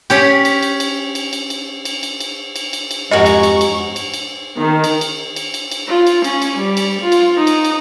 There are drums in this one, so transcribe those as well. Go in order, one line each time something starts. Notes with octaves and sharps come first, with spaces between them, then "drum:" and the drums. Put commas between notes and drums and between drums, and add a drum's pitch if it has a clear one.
C#4 G4, drum: cymbal
drum: cymbal
drum: cymbal
drum: cymbal
drum: cymbal
drum: cymbal
drum: cymbal
drum: cymbal
drum: cymbal
drum: cymbal
drum: cymbal
drum: cymbal
drum: cymbal
F2 G#2 F#4 G4 A#4 D#5 G#5 C#6
drum: cymbal
drum: cymbal
drum: cymbal
drum: cymbal
drum: cymbal
D#3
drum: cymbal
drum: cymbal
drum: cymbal
drum: cymbal
drum: cymbal
F4
drum: cymbal
C#4, drum: cymbal
drum: cymbal
G3
drum: cymbal
F4
drum: cymbal
D#4
drum: cymbal
drum: cymbal